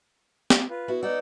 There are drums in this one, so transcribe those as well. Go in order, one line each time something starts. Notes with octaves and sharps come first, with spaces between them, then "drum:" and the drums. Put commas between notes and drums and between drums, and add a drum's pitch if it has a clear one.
drum: snare
F4 B4
B3 E4 F#4
B3 D#4 D5 D#5 F#5 E6